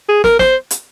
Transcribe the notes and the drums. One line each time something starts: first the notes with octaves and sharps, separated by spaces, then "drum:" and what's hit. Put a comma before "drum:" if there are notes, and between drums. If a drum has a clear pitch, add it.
G#4
A#4, drum: snare
C5, drum: snare
drum: hi-hat